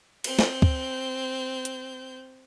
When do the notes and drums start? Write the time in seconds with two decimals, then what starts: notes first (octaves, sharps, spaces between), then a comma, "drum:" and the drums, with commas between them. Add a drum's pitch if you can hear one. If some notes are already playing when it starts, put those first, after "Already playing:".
0.24 C4 G6, drum: cymbal
0.39 drum: snare
0.62 drum: kick
1.65 drum: hi-hat